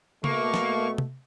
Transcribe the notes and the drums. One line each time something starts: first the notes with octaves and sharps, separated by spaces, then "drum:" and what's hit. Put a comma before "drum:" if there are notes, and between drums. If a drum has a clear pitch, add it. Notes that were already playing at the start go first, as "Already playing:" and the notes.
B2 A3 A#3 C#6, drum: tom C#3
drum: snare
drum: tom C3